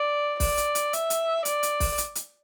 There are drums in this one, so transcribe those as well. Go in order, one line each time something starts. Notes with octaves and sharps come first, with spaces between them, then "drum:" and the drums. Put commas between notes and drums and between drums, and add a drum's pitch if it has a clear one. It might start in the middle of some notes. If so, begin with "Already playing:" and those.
Already playing: D5
D5, drum: kick, open hi-hat
drum: hi-hat
drum: hi-hat
E5, drum: hi-hat
drum: hi-hat
D5, drum: hi-hat
drum: hi-hat
drum: kick, open hi-hat
drum: hi-hat
drum: hi-hat